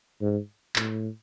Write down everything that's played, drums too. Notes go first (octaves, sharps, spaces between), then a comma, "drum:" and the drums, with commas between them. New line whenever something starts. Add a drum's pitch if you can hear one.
G#2
A2, drum: clap